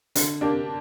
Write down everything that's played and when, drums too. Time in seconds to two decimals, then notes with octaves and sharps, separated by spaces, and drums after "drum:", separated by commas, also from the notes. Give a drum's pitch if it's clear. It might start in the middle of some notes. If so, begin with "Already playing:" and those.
0.15 D3, drum: hi-hat
0.41 A#3 D4 G4